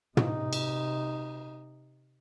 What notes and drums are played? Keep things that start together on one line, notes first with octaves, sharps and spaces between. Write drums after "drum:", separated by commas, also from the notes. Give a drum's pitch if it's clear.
C3 D#4, drum: tom
drum: cymbal